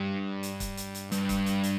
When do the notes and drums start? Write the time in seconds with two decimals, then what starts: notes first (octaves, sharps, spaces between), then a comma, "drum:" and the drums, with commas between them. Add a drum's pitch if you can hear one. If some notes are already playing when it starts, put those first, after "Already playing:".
Already playing: G2
0.43 drum: hi-hat
0.60 drum: kick, hi-hat
0.77 drum: hi-hat
0.95 drum: hi-hat
1.12 G2, drum: hi-hat
1.29 drum: kick, hi-hat
1.46 drum: hi-hat
1.63 drum: hi-hat